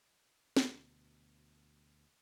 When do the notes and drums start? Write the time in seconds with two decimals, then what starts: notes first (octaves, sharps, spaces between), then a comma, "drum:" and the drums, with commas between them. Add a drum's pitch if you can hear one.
0.57 D2 B2, drum: snare